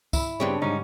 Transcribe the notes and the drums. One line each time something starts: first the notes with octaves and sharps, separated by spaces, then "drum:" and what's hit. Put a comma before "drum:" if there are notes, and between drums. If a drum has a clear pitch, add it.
E4, drum: kick, tambourine
G2 C#3 B3 C4 D4 G4 C#5
G#2 D3 G3 C#4 D#4